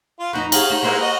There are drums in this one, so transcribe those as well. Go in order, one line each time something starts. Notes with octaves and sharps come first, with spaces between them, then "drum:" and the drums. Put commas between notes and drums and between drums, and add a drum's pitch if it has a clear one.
F4
F2 D#4 F#4 B4
G#4 F5, drum: cymbal
D#4 F#4
G#3 A#3 D#4 E4 B4 C5
F#4 D#5